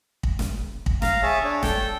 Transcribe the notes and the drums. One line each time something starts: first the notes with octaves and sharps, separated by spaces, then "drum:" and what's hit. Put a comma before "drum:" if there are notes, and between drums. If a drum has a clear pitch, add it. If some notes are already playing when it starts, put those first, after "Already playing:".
drum: kick
drum: snare
drum: kick
F5 A#5, drum: snare
G#4 C#5 E5 A5
D4 C#5
A4 G5, drum: snare